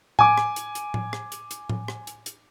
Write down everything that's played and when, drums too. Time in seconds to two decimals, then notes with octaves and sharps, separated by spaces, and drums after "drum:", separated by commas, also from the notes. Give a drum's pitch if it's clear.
0.19 G#5 D6, drum: tom A2
0.38 drum: rim click
0.56 drum: hi-hat
0.75 drum: hi-hat
0.94 drum: tom A2
1.13 drum: rim click
1.32 drum: hi-hat
1.51 drum: hi-hat
1.70 drum: tom A2
1.88 drum: rim click
2.07 drum: hi-hat
2.26 drum: hi-hat